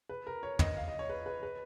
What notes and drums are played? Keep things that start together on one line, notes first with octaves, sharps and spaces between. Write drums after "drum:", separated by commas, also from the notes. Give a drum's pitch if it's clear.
B4
A#4
C#5
D#5, drum: tom
F5
D#5
C#5
B4
B4
B4